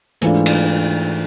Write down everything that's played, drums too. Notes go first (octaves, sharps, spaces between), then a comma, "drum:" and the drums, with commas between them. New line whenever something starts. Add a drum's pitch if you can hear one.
G#2 E3 A3 D4 F4, drum: hi-hat
drum: cymbal